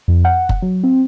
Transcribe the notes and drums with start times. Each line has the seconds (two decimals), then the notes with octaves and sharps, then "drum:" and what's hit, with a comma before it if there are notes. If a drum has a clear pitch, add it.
0.08 F2
0.25 F#5
0.49 drum: kick F#1
0.62 F#3
0.84 C4